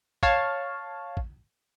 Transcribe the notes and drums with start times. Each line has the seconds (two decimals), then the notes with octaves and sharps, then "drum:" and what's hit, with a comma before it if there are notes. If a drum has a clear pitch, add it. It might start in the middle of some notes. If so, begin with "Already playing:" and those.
0.23 C#5 F5 A5, drum: kick
1.17 drum: kick